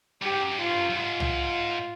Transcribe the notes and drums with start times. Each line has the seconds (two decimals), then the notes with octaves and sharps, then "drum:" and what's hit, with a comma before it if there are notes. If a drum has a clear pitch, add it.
0.22 G2 G4
0.32 G#2
0.42 F#2
0.51 G2
0.61 G#2 F4
0.71 G2
0.80 F#2
0.90 F#2
0.99 G#2 F4
1.20 drum: tom C2